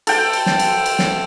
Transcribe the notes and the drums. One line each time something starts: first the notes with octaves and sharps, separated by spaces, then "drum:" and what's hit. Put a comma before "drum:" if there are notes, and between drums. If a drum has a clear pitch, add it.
A4 G5, drum: cymbal
drum: cymbal
drum: snare
drum: cymbal
drum: cymbal
drum: snare